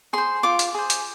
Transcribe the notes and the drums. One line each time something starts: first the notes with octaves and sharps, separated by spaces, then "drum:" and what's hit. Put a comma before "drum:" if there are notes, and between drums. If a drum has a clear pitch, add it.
G#4 C5 C6
F4 D6
drum: hi-hat
G#4 C5
drum: hi-hat